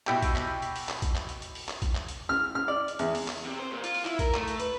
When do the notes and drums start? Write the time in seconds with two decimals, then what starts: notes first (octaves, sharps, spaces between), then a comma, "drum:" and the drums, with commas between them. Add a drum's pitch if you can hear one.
0.07 B2 E4 G4 G5, drum: clap
0.22 drum: kick A1, hi-hat
0.36 drum: clap
0.62 drum: hi-hat
0.76 drum: open hi-hat
0.89 drum: clap
1.02 drum: kick A1, hi-hat
1.15 drum: clap
1.29 drum: hi-hat
1.42 drum: hi-hat
1.55 drum: open hi-hat
1.69 drum: clap
1.82 drum: kick A1, hi-hat
1.95 drum: clap
2.08 drum: hi-hat
2.29 F6
2.55 F6
2.68 D5
2.88 drum: hi-hat
2.99 E2, drum: hi-hat
3.15 drum: open hi-hat
3.28 drum: clap
3.45 C3
3.59 C5
3.72 A#2
3.84 F4, drum: hi-hat
3.94 drum: open hi-hat
4.05 E4, drum: clap
4.19 A#4, drum: kick A1, hi-hat
4.34 A3, drum: clap
4.48 drum: hi-hat
4.59 B4, drum: hi-hat